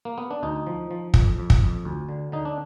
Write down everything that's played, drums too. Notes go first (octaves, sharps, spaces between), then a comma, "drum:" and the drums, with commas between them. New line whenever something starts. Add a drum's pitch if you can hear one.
A#3
B3
D4
D2 D#4
F3
F3
F2, drum: kick
F2
drum: kick
F2
D2
D3
D3 D#4
D4